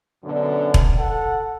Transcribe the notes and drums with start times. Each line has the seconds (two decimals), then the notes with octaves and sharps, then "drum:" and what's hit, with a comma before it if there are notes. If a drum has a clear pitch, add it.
0.24 F#2 B2 D3
0.74 drum: kick E1
0.98 A4 F#5